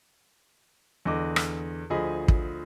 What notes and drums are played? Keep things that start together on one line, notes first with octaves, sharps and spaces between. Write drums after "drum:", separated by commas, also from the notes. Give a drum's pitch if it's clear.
E2 D3 D#5 D6
drum: rim click
D2 F3 G#4 D#5 B5
drum: kick